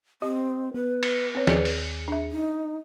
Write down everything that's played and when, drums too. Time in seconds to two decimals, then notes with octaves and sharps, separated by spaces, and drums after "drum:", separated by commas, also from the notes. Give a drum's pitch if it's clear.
0.22 C4 G4 D#5
0.74 B3 B4
1.03 drum: cymbal
1.35 C4 C#5
1.47 D#2 G#4 D5 C#7, drum: snare
1.65 drum: open hi-hat
2.08 D4 E5
2.31 D#4